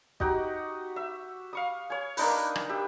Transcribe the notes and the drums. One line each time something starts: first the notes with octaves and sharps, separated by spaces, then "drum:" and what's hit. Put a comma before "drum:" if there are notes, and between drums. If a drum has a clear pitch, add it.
D#4 F#4 G4 D#5, drum: kick
E5
F5 C#6 D#6
C#5 G#5
A#3 D4 D#4 B4, drum: open hi-hat
drum: rim click
G4 E5